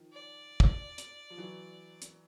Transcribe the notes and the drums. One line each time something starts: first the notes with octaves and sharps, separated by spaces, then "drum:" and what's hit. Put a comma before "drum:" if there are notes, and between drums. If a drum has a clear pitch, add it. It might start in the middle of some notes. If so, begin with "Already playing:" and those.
Already playing: D#3 F3
D5
drum: kick
drum: hi-hat
F3
E3 F#3
drum: hi-hat